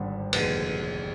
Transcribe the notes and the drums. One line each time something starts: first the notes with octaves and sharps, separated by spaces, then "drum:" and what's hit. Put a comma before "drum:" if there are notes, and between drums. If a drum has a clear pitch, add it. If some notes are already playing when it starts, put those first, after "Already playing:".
Already playing: G#1 G2 D3 C5
F1 D#2 D3 G#3 B4, drum: cymbal